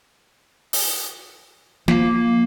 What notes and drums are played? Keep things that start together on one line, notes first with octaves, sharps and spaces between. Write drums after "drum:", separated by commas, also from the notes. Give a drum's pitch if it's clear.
drum: open hi-hat
F3 A#3, drum: snare